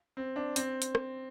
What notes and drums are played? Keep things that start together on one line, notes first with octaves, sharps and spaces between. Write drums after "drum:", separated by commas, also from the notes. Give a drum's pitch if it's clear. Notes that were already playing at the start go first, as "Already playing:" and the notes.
C4
D4
C4, drum: hi-hat
drum: hi-hat
drum: rim click